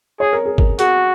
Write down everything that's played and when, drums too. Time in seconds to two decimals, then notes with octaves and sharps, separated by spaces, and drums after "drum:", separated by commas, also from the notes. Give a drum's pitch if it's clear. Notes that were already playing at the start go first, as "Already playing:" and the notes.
0.20 G#4 C#5
0.33 A#4
0.46 G#4
0.58 A#4, drum: kick
0.79 F#4 G#4, drum: hi-hat